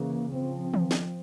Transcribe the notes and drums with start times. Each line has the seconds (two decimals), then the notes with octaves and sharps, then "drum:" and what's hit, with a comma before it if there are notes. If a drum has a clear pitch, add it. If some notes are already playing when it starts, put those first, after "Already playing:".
Already playing: C#3 E3 A#3
0.37 F3 C4
0.74 drum: tom
0.91 drum: snare